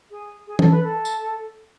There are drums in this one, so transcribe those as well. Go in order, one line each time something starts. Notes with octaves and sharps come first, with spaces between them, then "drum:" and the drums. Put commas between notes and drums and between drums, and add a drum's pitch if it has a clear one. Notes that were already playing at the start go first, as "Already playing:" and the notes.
G#4
G#4
A4, drum: tom
B4
A4
drum: tambourine